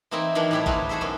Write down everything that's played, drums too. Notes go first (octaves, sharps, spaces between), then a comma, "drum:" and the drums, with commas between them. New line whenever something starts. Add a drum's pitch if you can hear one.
E3 A#3 C4 D#4 E4
D#3 E3 F#3 G#3 D4
A2 G3 E4 G4 C#5
C4 D4 D#4 B4 C#5 F5, drum: kick G#1
F#4 G#4 A4 C5 E5
F#2 B2 C#4